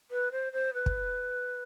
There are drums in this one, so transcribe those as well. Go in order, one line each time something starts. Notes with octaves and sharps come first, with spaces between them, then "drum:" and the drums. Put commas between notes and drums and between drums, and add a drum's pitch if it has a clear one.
B4
C5
C5
B4
drum: kick